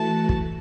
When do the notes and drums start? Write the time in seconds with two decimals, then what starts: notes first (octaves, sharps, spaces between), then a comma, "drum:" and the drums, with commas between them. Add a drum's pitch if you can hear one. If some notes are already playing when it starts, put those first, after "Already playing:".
Already playing: E3 A3 F#4 A5
0.29 drum: kick